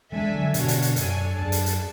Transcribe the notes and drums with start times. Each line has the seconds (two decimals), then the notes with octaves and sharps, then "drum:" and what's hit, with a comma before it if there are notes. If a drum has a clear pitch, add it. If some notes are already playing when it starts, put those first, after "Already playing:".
0.12 E3 G#3 D4 A4 E5 G#5
0.34 D3 F#3
0.54 B2 D3 D4 F#4 C#5, drum: hi-hat
0.68 drum: hi-hat
0.82 drum: hi-hat
0.96 F#2 D4 A4 C#5 G#5, drum: hi-hat
1.38 F#2 G#4 D5 A5
1.52 drum: hi-hat
1.66 drum: hi-hat